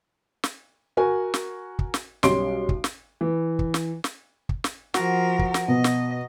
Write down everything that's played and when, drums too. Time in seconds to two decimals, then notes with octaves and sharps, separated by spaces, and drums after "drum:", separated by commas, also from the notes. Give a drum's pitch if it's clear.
0.44 drum: snare
0.97 F#4 A#4 G#5
1.34 drum: snare
1.79 drum: kick
1.94 drum: snare
2.23 B1 G3 C#4 C6 D7, drum: snare
2.69 drum: kick
2.84 drum: snare
3.21 E3
3.59 drum: kick
3.74 drum: snare
4.04 drum: snare
4.49 drum: kick
4.64 drum: snare
4.94 F3 F#4 A#4 A#5, drum: snare
5.39 drum: kick
5.54 drum: snare
5.68 B2 D#5
5.84 drum: snare